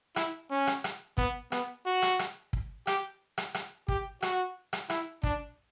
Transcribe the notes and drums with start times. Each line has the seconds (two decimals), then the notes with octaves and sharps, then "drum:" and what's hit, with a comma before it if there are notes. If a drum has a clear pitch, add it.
0.16 E4, drum: rim click
0.51 C#4
0.67 drum: rim click
0.84 drum: rim click
1.18 B3, drum: kick
1.52 B3, drum: rim click
1.86 F#4
2.02 drum: rim click
2.19 drum: rim click
2.53 drum: kick
2.87 G4, drum: rim click
3.38 drum: rim click
3.54 drum: rim click
3.88 G4, drum: kick
4.22 F#4, drum: rim click
4.73 drum: rim click
4.90 E4, drum: rim click
5.23 D4, drum: kick